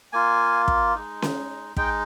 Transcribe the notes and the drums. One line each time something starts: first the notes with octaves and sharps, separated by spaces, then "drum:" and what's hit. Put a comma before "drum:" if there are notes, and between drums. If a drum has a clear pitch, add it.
A#3 F4 G#5
drum: kick
G#3 D#4
drum: snare C#4
G#3 D#4 G5, drum: kick